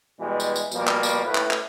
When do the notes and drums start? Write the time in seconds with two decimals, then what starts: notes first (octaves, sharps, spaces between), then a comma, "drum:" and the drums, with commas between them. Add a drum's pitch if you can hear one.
0.20 B2 E3 G3 G#3
0.40 drum: tambourine
0.56 drum: tambourine
0.72 B2 F3 G3 A#3, drum: tambourine
0.87 drum: clap
1.03 drum: tambourine
1.25 A2 B4
1.35 drum: clap
1.51 drum: clap